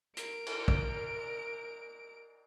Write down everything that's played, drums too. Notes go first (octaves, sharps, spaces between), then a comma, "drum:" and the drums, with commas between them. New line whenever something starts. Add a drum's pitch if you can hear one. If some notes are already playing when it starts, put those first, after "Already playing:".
A#4 D7, drum: hi-hat
drum: cymbal
drum: kick